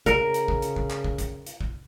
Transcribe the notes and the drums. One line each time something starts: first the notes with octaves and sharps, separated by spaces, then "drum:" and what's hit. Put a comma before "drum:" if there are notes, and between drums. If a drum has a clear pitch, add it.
C#3 A#4, drum: kick, hi-hat
drum: hi-hat
drum: kick
drum: hi-hat
drum: kick
drum: clap
drum: kick
drum: kick, hi-hat
drum: hi-hat
drum: kick